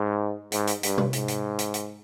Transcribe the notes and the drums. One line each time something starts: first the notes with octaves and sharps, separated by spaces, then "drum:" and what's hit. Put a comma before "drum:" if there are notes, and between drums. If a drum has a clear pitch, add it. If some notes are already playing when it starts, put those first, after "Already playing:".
Already playing: G#2
G#2, drum: hi-hat
drum: hi-hat
G2, drum: hi-hat
drum: tom
G#2, drum: hi-hat
drum: hi-hat
drum: hi-hat
drum: hi-hat